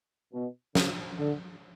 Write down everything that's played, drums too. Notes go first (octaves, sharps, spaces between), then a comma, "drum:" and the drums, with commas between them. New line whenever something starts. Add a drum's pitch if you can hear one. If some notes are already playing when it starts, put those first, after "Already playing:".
B2
C#3, drum: snare
D3